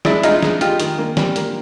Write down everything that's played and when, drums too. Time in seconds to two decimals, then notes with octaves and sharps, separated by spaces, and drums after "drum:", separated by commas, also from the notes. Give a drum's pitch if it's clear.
0.05 G#3 D4 E4, drum: snare
0.23 G#3 D#4 F4, drum: hi-hat
0.43 G#3, drum: snare
0.61 G#3 F4 G4, drum: hi-hat
0.80 D#3, drum: hi-hat
0.98 A#3
1.17 G3, drum: snare
1.36 A#3, drum: hi-hat